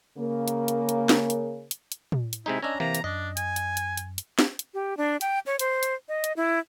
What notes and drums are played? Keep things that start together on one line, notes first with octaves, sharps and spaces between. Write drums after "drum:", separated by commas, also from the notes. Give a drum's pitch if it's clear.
C#3 A#3 A#4
drum: hi-hat
drum: hi-hat
drum: hi-hat
drum: snare
drum: hi-hat
drum: hi-hat
drum: hi-hat
drum: tom
drum: hi-hat
C3 G#3 D#4 E4
C#4 D4 D#5 A#5 E6 G#6
C3 E3 A#3 A#5
drum: hi-hat
F#2 D4 D#5
G#5, drum: hi-hat
drum: hi-hat
drum: hi-hat
drum: hi-hat
drum: hi-hat
drum: snare
drum: hi-hat
G4
D4
G5, drum: hi-hat
C#5
C5, drum: hi-hat
drum: hi-hat
D#5
drum: hi-hat
E4